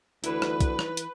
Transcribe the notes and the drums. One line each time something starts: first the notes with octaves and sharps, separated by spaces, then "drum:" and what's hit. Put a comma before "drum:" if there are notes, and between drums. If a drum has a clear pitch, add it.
D2 E3 E4 B4, drum: hi-hat
drum: rim click
drum: kick B1, hi-hat
drum: rim click
drum: hi-hat